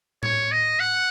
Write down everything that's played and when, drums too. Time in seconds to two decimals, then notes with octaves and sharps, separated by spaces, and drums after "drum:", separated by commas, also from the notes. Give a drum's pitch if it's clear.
0.23 C#5, drum: tom A2
0.51 D#5
0.80 F#5